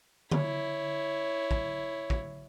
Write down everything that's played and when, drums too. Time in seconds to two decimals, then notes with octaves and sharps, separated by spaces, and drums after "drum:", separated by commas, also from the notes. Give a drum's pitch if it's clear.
0.32 E4 C#5, drum: tom D3
1.51 drum: kick
2.10 drum: kick